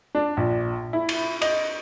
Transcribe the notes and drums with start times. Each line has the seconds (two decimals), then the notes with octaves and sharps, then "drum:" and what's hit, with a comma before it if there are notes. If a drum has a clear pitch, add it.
0.15 D4
0.37 A#1
0.93 E4
1.09 drum: cymbal
1.42 D#5, drum: cymbal